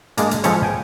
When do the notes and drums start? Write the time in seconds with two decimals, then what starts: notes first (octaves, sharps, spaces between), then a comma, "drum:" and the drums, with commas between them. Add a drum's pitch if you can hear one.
0.17 G#3 A#3 D4, drum: hi-hat
0.31 drum: hi-hat
0.44 F3 G#3 C#4 A4 B4 C#5, drum: hi-hat
0.63 G5 G#5